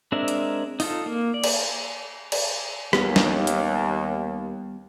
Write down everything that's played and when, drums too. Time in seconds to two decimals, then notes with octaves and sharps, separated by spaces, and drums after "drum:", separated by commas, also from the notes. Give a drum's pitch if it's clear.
0.12 G#3 C4 D4 A#4 E5
0.28 drum: hi-hat
0.80 D#4 F4 A4, drum: open hi-hat
1.06 A#3
1.34 D5
1.44 drum: cymbal
2.32 drum: cymbal
2.93 D#2 G3 B3 C#4, drum: rim click
3.16 drum: snare
3.47 drum: hi-hat